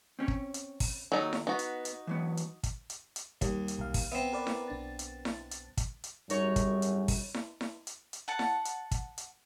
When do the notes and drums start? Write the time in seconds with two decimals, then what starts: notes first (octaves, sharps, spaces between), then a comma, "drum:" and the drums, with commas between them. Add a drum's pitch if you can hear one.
0.19 C4 C#4 C#5
0.28 drum: kick
0.54 drum: hi-hat
0.80 drum: kick, open hi-hat
1.12 D#2 F#3 D#4 A4 G#5
1.33 drum: snare E4
1.47 B3 D#4 F#4
1.59 drum: hi-hat
1.85 drum: hi-hat
2.07 E3 F#3 B3
2.37 drum: hi-hat
2.63 drum: kick, hi-hat
2.90 drum: hi-hat
3.16 drum: hi-hat
3.41 D#2 G3, drum: kick, hi-hat
3.68 drum: hi-hat
3.78 B1 F5
3.94 drum: kick, open hi-hat
4.12 B3 C4 E5
4.33 A#4 B4 D5
4.47 drum: snare E4
4.68 B1 D4 A6
4.99 drum: hi-hat
5.25 drum: snare E4
5.51 drum: hi-hat
5.77 drum: kick, hi-hat
6.04 drum: hi-hat
6.30 G#1 F#2 G3 D#4 C#5, drum: hi-hat
6.56 drum: kick, hi-hat
6.82 drum: hi-hat
7.08 drum: kick, open hi-hat
7.34 drum: snare E4
7.61 drum: snare E4
7.87 drum: hi-hat
8.13 drum: hi-hat
8.28 F#5 A5
8.39 drum: snare E4
8.65 drum: hi-hat
8.91 drum: kick, hi-hat
9.18 drum: hi-hat